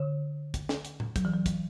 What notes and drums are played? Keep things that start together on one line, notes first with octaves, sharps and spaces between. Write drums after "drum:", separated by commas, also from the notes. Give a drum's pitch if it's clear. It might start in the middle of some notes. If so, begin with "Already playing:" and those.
Already playing: D3
drum: kick, hi-hat
drum: snare
drum: hi-hat
drum: tom A2
F#3, drum: kick, hi-hat
E3
F#3
drum: kick, hi-hat